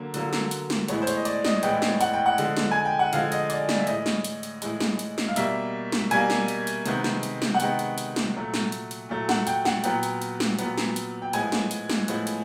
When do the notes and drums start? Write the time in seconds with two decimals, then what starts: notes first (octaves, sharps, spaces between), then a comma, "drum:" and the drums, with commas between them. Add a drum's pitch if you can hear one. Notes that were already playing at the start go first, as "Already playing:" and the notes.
Already playing: D3 F#3 A#3
0.14 D3 F#3 A#3, drum: hi-hat
0.33 drum: snare
0.51 drum: hi-hat
0.70 drum: snare
0.88 A2 E3 G#3 B3 C#5, drum: hi-hat
1.02 C5
1.07 C#5, drum: hi-hat
1.17 D#5
1.25 D5, drum: hi-hat
1.45 D#5, drum: snare
1.63 A2 E3 G#3 B3 G5, drum: hi-hat
1.82 drum: snare
2.01 F#5, drum: hi-hat
2.13 G5
2.26 F#5
2.38 D3 F3 G#3, drum: hi-hat
2.57 drum: snare
2.71 G#5
2.85 G5
2.99 F#5
3.13 D3 F3 G#3 F5, drum: hi-hat
3.32 D#5, drum: hi-hat
3.50 D5, drum: hi-hat
3.69 D5, drum: snare
3.80 E5
3.87 A2 E3 G#3 D#5, drum: hi-hat
4.06 drum: snare
4.24 drum: hi-hat
4.43 drum: hi-hat
4.62 A2 E3 G#3, drum: hi-hat
4.80 drum: snare
4.99 drum: hi-hat
5.18 drum: snare
5.28 F5
5.36 B2 G3 A#3 E5, drum: hi-hat
5.92 drum: snare
6.11 B2 G3 A#3 G#5, drum: hi-hat
6.30 drum: snare
6.48 drum: hi-hat
6.67 drum: hi-hat
6.86 C3 D#3 G#3 B3, drum: hi-hat
7.04 drum: snare
7.23 drum: hi-hat
7.42 drum: snare
7.55 F#5
7.60 C3 D#3 G#3 B3 G5, drum: hi-hat
7.79 drum: hi-hat
7.98 drum: hi-hat
8.16 drum: snare
8.36 A#2 F#3 A3
8.54 drum: snare
8.72 drum: hi-hat
8.91 drum: hi-hat
9.09 A#2 F#3 A3
9.29 F#5, drum: snare
9.47 G5, drum: hi-hat
9.65 F#5, drum: snare
9.84 A#2 F#3 B3 G5, drum: hi-hat
10.03 drum: hi-hat
10.22 drum: hi-hat
10.40 drum: snare
10.59 A#2 F#3 B3, drum: hi-hat
10.78 drum: snare
10.96 drum: hi-hat
11.22 G5
11.33 A2 F3 G#3 B3 G#5, drum: hi-hat
11.52 drum: snare
11.71 drum: hi-hat
11.90 drum: snare
12.08 A2 F3 G#3 B3, drum: hi-hat
12.27 drum: hi-hat